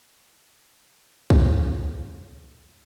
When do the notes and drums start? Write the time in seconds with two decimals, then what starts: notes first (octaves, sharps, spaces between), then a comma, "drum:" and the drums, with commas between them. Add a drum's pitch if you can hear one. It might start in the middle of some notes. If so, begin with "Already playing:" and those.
1.30 G#4 B4, drum: kick